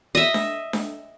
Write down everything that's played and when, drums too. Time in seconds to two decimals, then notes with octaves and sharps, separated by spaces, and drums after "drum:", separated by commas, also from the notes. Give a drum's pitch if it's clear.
0.15 D#5 E5
0.34 drum: snare D4
0.73 drum: snare D4